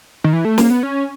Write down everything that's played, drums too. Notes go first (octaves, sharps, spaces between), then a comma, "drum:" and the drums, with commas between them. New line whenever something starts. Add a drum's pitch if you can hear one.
D#3
E3
A3
A#3, drum: snare
B3
C#4